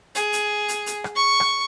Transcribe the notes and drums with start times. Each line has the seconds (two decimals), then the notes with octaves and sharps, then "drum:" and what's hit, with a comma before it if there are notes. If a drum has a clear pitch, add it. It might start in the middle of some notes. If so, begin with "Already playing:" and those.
0.15 G#4, drum: hi-hat
0.33 drum: hi-hat
0.68 drum: hi-hat
0.86 drum: hi-hat
1.04 drum: rim click
1.15 C#6
1.40 drum: rim click